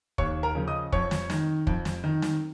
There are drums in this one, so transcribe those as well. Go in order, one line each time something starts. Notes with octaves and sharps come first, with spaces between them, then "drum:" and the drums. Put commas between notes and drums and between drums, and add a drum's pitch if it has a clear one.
D#2 C#5 C#6, drum: kick
A#4 A#5
C#3 F3
D#5 D#6
F2 C#5 C#6, drum: kick
drum: snare
D#3, drum: snare
F2, drum: kick
drum: snare
D#3
drum: snare